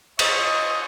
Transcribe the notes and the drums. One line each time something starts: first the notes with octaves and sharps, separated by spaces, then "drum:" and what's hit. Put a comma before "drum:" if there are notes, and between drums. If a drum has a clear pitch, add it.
C5 C#5 D#5, drum: cymbal